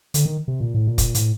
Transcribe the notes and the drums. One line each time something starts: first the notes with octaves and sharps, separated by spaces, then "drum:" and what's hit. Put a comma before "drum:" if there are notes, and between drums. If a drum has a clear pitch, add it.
D3, drum: hi-hat
D#3
C3
A#2
A2
A#2
drum: kick, hi-hat
A2, drum: hi-hat